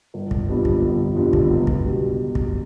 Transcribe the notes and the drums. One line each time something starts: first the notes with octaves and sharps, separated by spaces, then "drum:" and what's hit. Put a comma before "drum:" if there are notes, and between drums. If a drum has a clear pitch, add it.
G1
drum: kick
F2 D3 G3 B3
drum: kick
G1
F2 D3 G3 B3
drum: kick
C#2
drum: kick
B2 G3
drum: kick